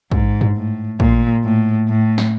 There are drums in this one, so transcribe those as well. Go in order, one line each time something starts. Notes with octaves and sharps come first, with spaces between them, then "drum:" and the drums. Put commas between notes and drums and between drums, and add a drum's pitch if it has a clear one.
G#2, drum: kick
drum: tom
A2
A#2, drum: kick
A2
A2
drum: snare